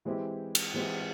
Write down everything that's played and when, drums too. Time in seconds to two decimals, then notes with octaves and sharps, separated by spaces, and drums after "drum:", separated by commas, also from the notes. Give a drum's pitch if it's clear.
0.05 E3 G#3 C4 E4 G4
0.55 drum: cymbal
0.74 E3 G#3 C4 E4 G4